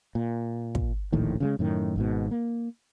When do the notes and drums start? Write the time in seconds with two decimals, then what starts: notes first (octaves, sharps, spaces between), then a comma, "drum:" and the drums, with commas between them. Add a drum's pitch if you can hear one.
0.15 A#2
0.75 drum: kick
1.12 D1 A#1 A2 D#3
1.40 C#3 F3 G#3
1.59 F#2 A2 D#3
1.96 G#1 G#2 B2
2.31 A#3